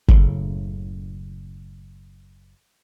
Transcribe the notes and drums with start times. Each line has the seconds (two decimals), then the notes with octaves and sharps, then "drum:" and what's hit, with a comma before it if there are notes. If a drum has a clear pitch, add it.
0.08 F#1 A2 C#3, drum: kick G1